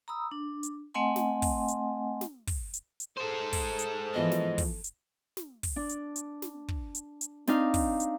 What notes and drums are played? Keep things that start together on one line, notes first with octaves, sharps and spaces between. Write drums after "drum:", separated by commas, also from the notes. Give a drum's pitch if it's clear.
A#5 B5 D#6 E6
D4
drum: hi-hat
A3 C4 D#5 F#5 G#5 C6
drum: snare
drum: kick, open hi-hat
drum: hi-hat
drum: snare
drum: kick, open hi-hat
drum: hi-hat
drum: hi-hat
G#3 A4 C5
drum: kick, open hi-hat
drum: hi-hat
E3 F3 B3 D#5
drum: snare
drum: kick, open hi-hat
drum: hi-hat
drum: snare
drum: kick, open hi-hat
D4
drum: hi-hat
drum: hi-hat
drum: snare
drum: kick
drum: hi-hat
drum: hi-hat
C4 D4 D#4 F5, drum: snare
drum: kick, open hi-hat
drum: hi-hat